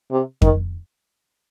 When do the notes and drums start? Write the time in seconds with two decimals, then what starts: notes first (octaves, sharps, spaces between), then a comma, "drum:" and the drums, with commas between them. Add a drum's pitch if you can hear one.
0.11 C3
0.42 D#3, drum: kick F2